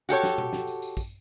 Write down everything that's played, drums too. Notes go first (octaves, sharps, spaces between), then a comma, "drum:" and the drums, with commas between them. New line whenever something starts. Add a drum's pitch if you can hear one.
F#4 G4 A4 C#5, drum: tambourine
drum: snare
drum: tom B2
drum: snare
drum: tambourine
drum: tambourine
drum: kick, tambourine